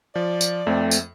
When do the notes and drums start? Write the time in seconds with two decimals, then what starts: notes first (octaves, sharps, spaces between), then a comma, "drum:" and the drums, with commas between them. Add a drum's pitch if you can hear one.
0.15 F3 D5
0.41 drum: tambourine
0.67 F2 A3 C4
0.91 drum: tambourine